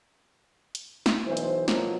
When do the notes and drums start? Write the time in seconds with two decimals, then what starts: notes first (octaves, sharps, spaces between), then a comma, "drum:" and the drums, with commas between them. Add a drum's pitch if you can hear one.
0.75 drum: hi-hat
1.06 drum: snare
1.26 B1 E3 C5
1.37 drum: hi-hat
1.68 B2 F3 F#3 A#3, drum: snare